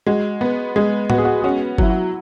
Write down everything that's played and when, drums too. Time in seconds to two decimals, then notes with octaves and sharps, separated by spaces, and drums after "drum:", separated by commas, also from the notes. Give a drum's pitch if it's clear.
0.06 G#3 F#4
0.41 B3
0.76 G#3 G#4
1.10 B3 F#4, drum: tom A2
1.18 G#4
1.25 F#4
1.41 G#4
1.44 C#4 F#4
1.78 F#3 E4, drum: kick G1
1.90 F#4